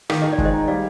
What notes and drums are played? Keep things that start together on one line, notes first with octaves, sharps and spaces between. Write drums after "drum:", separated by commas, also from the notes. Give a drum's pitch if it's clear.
D#3 F5, drum: rim click
D#3 D#5
D5
G#3, drum: kick
C5 D#5
D#4
G3 D5 F5